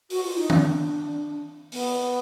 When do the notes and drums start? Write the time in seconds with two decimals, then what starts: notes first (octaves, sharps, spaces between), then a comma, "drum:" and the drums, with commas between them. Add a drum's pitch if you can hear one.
0.10 F#4, drum: open hi-hat
0.24 F4
0.37 D#4
0.50 D4, drum: tom D#3
1.72 B3, drum: open hi-hat